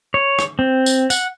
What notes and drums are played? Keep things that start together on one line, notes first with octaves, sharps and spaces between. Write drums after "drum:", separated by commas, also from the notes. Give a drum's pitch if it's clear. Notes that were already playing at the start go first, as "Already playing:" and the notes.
C#5
drum: rim click
C4
drum: tambourine
F#5, drum: tambourine